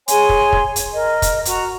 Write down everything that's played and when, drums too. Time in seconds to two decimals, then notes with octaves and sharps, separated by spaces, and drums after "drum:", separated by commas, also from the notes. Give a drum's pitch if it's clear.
0.08 G#4 C#5 G#5 C6, drum: hi-hat
0.29 drum: kick
0.53 drum: kick
0.76 drum: hi-hat
0.93 A#4 D#5
1.22 drum: kick, hi-hat
1.45 F#4 A#5, drum: hi-hat